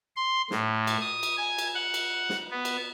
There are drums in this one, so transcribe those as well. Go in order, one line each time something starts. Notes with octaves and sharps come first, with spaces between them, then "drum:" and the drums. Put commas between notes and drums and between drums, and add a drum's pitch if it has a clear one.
C6
A2, drum: snare
drum: cymbal
D#6
drum: cymbal
G#5
drum: cymbal
F#5
drum: cymbal
drum: snare
B3
drum: cymbal